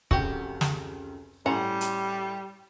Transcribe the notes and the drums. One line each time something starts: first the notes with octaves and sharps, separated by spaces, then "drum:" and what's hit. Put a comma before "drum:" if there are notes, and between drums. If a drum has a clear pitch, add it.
F1 C#2 F#4 G4, drum: kick
drum: snare
A2 G3 C#4 F#5 A#5 C6
drum: hi-hat